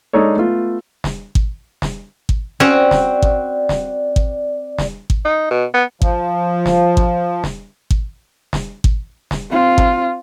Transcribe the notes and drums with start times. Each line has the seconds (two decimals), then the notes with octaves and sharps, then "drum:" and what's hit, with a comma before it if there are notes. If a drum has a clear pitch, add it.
0.13 G#3 D4 D#4 A4 C#5
0.37 A3 B3 F4
1.04 drum: snare
1.35 drum: kick G#1
1.82 drum: snare
2.29 drum: kick G#1
2.60 C4 C#4 F#4 D5
2.91 drum: snare
3.22 drum: kick G#1
3.69 drum: snare
4.16 drum: kick G#1
4.78 drum: snare
5.10 drum: kick G#1
5.25 D#4
5.51 B2
5.74 B3
6.02 F3, drum: kick G#1
6.66 drum: snare
6.97 drum: kick G#1
7.44 drum: snare
7.90 drum: kick G#1
8.53 drum: snare
8.84 drum: kick G#1
9.31 drum: snare
9.50 C4 F4
9.78 drum: kick G#1